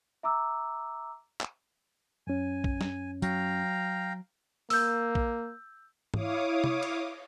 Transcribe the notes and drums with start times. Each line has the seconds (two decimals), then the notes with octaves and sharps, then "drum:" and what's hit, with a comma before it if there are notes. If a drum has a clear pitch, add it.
0.23 E5 A#5 D6 E6
1.41 drum: clap
2.27 F#2 C#4 G#5
2.64 drum: kick
2.81 drum: snare
3.22 F#3 F5 G5 A#5, drum: tambourine
4.70 A#3 E6 G6, drum: open hi-hat
5.15 drum: kick
6.14 E4 C#5 F5 D6 D#6, drum: tom G#2
6.64 drum: tom C3
6.83 drum: cymbal